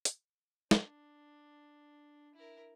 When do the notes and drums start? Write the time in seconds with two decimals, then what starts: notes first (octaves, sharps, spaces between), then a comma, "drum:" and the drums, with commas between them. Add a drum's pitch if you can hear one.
0.05 drum: hi-hat
0.71 D4, drum: snare
2.35 E4 A#4